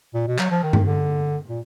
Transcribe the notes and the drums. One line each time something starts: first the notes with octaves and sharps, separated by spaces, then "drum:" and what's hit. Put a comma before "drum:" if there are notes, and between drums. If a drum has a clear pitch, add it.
A#2
B2
F#3, drum: clap
F3
D#3
drum: tom G2
D3
A#2